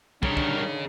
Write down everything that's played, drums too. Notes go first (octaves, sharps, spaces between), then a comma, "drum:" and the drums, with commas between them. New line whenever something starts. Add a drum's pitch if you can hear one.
D3 D#3 G3 G#4 A#4 C#5, drum: kick
drum: kick